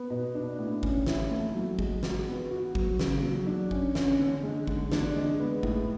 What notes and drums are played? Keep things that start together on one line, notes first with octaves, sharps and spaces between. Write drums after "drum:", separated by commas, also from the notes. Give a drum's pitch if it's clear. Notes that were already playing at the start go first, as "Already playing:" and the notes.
Already playing: B3
B2
D4
A2
C#4, drum: kick G#1
E4, drum: snare
A3
F#3
G#3, drum: kick G#1
F#4, drum: snare
B3
F#4
F#3, drum: kick G#1
C#3, drum: snare
F#3
D4
C#4, drum: kick G#1
C#4, drum: snare
D3
G#3
D3, drum: kick G#1
D4, drum: snare
G#3
B3
A2, drum: kick G#1